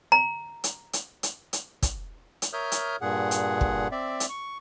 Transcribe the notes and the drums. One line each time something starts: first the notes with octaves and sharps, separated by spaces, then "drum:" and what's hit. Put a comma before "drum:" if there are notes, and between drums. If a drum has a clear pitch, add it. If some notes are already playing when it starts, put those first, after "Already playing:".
A#5
drum: hi-hat
drum: hi-hat
drum: hi-hat
drum: hi-hat
drum: kick, hi-hat
drum: hi-hat
A#4 C#5 E5 D#6 F6 G6
drum: hi-hat
G2 A#2 G#4 F#5
drum: hi-hat
drum: kick
C4 D5 E5
drum: hi-hat
C#6